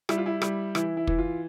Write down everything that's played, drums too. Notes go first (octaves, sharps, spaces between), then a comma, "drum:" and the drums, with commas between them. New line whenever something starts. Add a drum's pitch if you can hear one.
G3 E4, drum: rim click
F4
E4
G3, drum: rim click
E3 E4, drum: rim click
E4
E3, drum: kick
F4